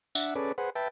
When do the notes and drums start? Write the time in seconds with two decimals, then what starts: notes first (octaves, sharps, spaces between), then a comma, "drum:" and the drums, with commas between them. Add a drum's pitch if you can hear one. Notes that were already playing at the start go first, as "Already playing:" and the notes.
0.15 D4 E5 F#5, drum: tambourine
0.35 C#4 G#4 A4 B4 D5
0.58 G#4 B4 C5 F#5
0.75 B4 E5 G5 A5